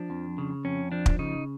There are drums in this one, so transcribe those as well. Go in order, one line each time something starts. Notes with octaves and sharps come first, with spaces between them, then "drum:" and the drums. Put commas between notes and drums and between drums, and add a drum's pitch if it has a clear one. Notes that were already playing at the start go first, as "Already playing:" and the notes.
Already playing: F3 D4
F2
C#3
F2 C#4
F3 D4
drum: kick
C#3 D#4